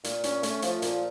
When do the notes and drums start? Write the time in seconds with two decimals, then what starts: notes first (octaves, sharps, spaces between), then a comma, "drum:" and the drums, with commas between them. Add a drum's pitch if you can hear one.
0.04 A#2, drum: hi-hat
0.24 C#4, drum: hi-hat
0.43 A3, drum: hi-hat
0.62 F3, drum: hi-hat
0.82 A#2, drum: hi-hat